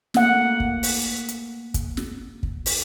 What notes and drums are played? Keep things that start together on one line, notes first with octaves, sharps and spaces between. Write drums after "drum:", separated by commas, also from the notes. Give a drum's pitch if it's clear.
A3 A#3 F#5, drum: snare
drum: kick
drum: open hi-hat
drum: hi-hat
drum: kick, hi-hat
drum: snare
drum: kick
drum: open hi-hat